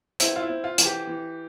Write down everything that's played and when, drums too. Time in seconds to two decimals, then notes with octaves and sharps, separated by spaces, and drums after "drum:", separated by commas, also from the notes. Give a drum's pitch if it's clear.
0.20 C4 E4, drum: hi-hat
0.36 F4
0.42 E4
0.50 C4
0.64 F4
0.78 E3, drum: hi-hat
0.86 G4
1.07 E3